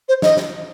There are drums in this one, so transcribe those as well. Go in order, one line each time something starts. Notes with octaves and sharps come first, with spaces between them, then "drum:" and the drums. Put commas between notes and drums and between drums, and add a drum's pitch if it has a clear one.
C5
D#5, drum: snare
drum: snare